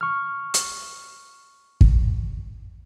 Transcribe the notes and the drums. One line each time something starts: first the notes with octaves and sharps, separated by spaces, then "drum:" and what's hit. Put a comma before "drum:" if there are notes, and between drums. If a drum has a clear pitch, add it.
C#6 F6
drum: hi-hat
drum: kick